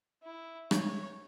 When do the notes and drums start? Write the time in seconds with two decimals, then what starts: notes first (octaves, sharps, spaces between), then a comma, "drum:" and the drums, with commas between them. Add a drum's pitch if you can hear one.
0.23 E4
0.71 C#5, drum: rim click